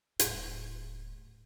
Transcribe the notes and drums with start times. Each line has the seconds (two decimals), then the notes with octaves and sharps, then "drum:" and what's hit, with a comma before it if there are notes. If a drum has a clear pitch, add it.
0.19 D#1 A2, drum: hi-hat